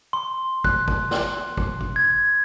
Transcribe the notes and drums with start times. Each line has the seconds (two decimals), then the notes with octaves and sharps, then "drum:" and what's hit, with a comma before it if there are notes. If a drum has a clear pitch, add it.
0.13 C6
0.64 F#6, drum: kick
0.88 drum: kick
1.11 drum: snare
1.57 drum: kick
1.81 drum: kick
1.96 G#6